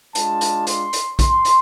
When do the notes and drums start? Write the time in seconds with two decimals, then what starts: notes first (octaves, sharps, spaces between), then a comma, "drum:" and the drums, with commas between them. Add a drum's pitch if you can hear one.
0.15 G#3 D4 F4 A5, drum: hi-hat
0.41 drum: hi-hat
0.67 C6, drum: hi-hat
0.93 drum: hi-hat
1.19 C6, drum: kick A#1, hi-hat
1.45 drum: hi-hat